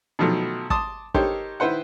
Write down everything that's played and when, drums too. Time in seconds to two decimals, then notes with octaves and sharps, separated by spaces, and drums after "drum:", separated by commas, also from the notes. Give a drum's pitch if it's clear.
0.19 B2 D#3 F3 F#3 A3
0.70 A5 C6 D6 D#6, drum: kick
1.14 D#4 G4 A4 A#4 C5 C#5, drum: kick
1.60 D#3 E4 B4 C5 F#5